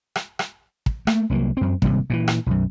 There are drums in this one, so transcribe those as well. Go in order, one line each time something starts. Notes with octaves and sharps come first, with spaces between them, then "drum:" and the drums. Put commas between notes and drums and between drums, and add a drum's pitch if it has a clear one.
drum: rim click
drum: rim click
drum: kick
A3 A#3, drum: rim click
C2 F#3 G3 A#3
F#2 C4
G#1 C3 G3 A#3, drum: kick
A#2 C#3 E3
drum: rim click
B1 F#2